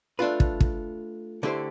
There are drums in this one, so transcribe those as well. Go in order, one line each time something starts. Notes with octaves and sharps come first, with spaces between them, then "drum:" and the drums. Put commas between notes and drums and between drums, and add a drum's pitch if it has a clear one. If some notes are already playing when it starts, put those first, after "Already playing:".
A3 D4 F4 B4
drum: kick
drum: kick
D3 A3 E4 G4 C5